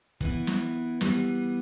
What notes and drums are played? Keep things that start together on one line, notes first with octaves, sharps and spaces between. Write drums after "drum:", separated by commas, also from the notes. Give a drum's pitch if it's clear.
E3 B3 E4, drum: kick
drum: snare
E3 G3 B3, drum: snare